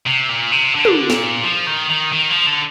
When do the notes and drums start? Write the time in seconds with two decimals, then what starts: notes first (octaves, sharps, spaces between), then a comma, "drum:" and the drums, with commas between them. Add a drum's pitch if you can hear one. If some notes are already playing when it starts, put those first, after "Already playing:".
0.07 C3
0.29 A#2
0.52 C3
0.75 D3
0.85 drum: tom
1.10 A#2, drum: snare
1.44 F3
1.67 D#3
1.90 D#3
2.13 D#3
2.30 F3
2.47 D3